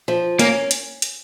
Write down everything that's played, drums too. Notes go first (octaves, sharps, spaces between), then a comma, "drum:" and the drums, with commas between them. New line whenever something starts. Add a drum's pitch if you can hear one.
F3
A#3 C#4, drum: hi-hat
drum: hi-hat
drum: hi-hat